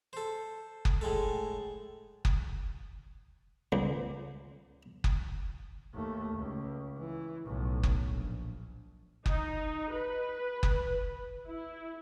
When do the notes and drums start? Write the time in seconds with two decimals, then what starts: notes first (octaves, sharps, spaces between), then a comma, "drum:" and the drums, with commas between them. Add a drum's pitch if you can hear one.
0.13 A4 C5
0.85 drum: kick F#1
1.01 A2 G#3 A4
2.25 drum: kick F#1
3.72 C#2
5.04 drum: kick F#1
5.94 D#2 A3
6.36 C#2
6.98 E3
7.46 B1 A2
7.83 drum: kick F#1
8.07 A#1
9.26 D#4, drum: kick F#1
9.92 B4
10.63 drum: kick F#1
11.47 E4